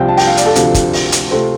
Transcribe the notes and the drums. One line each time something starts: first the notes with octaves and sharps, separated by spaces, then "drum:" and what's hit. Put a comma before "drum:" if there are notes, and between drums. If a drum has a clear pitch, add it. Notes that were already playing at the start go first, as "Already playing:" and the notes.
Already playing: C2 C3 F3 C4 F4 G5
A5
G5, drum: open hi-hat
F5
D5, drum: hi-hat
A4
D2 C3 F3 D4 F4, drum: hi-hat
drum: kick, hi-hat
drum: open hi-hat
drum: hi-hat
C3 A3 C4 F4 C5